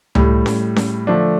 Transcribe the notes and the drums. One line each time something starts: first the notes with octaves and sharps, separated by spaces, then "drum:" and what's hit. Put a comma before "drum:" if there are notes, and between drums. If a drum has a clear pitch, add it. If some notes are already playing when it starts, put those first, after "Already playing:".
A2 G3, drum: tom C#2
drum: snare C#4
drum: snare C#4
D3 F3 A3 D4